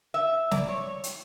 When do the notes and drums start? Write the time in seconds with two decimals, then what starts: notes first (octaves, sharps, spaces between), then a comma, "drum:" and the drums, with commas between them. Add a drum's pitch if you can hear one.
0.14 E5
0.51 D5, drum: snare
0.69 C#5
1.04 drum: hi-hat